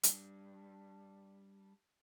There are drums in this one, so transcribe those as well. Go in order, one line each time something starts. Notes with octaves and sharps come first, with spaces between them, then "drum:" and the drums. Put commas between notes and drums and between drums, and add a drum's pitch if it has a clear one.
G3 D4, drum: hi-hat